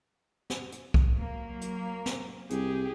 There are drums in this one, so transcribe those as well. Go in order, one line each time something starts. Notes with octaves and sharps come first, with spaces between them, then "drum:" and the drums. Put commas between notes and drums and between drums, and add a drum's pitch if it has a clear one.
drum: snare
drum: hi-hat
drum: kick B1
F#3 A#3
drum: hi-hat
drum: snare
C2 G4 G#4, drum: hi-hat